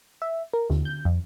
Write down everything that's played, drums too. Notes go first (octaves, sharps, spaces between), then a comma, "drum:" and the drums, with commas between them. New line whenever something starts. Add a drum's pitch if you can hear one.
E5
A#4
D#2, drum: tom D3
G6
F2